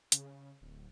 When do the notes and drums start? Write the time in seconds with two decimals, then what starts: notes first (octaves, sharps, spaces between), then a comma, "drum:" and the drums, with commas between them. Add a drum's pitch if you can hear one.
0.12 C#3, drum: hi-hat
0.62 D1